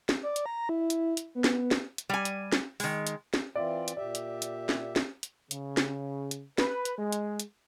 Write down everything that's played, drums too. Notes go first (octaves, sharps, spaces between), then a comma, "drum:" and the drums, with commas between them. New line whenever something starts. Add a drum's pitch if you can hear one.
drum: snare
D5
drum: hi-hat
A#5
E4
drum: hi-hat
drum: hi-hat
B3
drum: snare
drum: snare
drum: hi-hat
G3 G#5
drum: hi-hat
drum: snare
D#3 G#3, drum: open hi-hat
drum: hi-hat
drum: snare
E3 C4 F4 D5 E5
drum: hi-hat
A#2 G4 D5 E5
drum: hi-hat
drum: hi-hat
drum: snare
drum: snare
drum: hi-hat
C#3, drum: hi-hat
drum: snare
drum: hi-hat
B4, drum: snare
drum: hi-hat
G#3
drum: hi-hat
drum: hi-hat